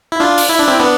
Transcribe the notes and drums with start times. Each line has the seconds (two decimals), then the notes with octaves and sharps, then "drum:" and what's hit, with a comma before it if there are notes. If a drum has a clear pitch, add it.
0.12 E4
0.20 D4 F4
0.38 drum: open hi-hat
0.50 E4
0.59 D4
0.68 C4 E4
0.80 B3 D4